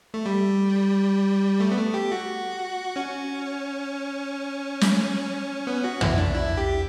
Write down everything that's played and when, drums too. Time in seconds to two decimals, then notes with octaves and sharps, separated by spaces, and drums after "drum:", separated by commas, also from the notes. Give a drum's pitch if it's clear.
0.14 A3
0.26 G3
1.60 A3
1.72 B3
1.78 A3
1.94 G4
2.12 F#4
2.96 C#4
4.81 drum: snare
5.67 B3
5.84 F#4
6.01 E4, drum: tom
6.18 D4
6.34 E4
6.57 G4